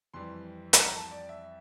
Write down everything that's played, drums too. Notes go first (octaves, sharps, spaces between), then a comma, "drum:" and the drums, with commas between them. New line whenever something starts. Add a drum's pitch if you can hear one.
F2 E3 G3 C4 C6
A5, drum: hi-hat
A#5
A5
D5
E5